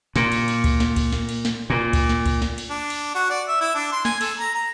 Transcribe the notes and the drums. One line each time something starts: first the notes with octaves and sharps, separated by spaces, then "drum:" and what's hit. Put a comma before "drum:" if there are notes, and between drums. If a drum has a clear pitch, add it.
A#2, drum: snare
drum: cymbal
drum: cymbal
drum: kick C#2, cymbal
drum: snare
drum: kick C#2, cymbal
drum: snare
drum: cymbal
drum: snare
A#2
drum: kick C#2, cymbal
drum: snare
drum: kick C#2, cymbal
drum: snare
drum: cymbal
D4
drum: cymbal
F#4
D5
E5
E4
D4
C6
G#5, drum: snare
A4, drum: cymbal
A#5
A#5